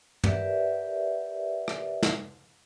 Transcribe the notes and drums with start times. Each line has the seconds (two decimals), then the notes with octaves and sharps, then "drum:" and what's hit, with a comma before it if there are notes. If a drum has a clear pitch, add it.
0.24 G4 A#4 B4 D5 E5 F#5, drum: tom
1.68 drum: rim click
2.03 drum: snare